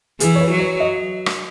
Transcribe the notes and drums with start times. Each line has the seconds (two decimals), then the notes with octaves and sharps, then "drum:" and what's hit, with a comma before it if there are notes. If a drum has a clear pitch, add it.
0.20 E3 G#4, drum: hi-hat
0.35 C#5
0.41 B4
0.51 F#3
0.60 C#5
0.80 D#5
1.26 drum: rim click